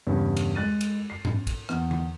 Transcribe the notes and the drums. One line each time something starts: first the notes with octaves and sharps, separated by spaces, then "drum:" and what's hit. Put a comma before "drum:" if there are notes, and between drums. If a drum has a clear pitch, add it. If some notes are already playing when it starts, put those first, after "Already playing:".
E2 G2 C#3 C#4
drum: cymbal
G#3 F#6 A6 D#7
drum: cymbal
C7
drum: tom G#2
drum: kick, cymbal
E2, drum: rim click
drum: tom D3